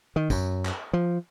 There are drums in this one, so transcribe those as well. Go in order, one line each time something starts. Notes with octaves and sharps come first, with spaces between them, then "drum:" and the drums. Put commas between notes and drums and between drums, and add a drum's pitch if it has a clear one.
D#3
F#2, drum: kick, tambourine
drum: clap
F3